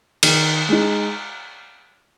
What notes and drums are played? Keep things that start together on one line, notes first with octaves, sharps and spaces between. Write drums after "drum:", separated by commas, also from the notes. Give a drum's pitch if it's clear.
D#3, drum: cymbal
G#3 D#4